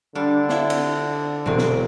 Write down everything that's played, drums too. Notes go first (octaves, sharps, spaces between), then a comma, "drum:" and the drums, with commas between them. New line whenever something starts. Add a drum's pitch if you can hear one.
D3 G3 D4
E4 F4, drum: snare
drum: cymbal
E1 C3 F#3 C4 D7
drum: snare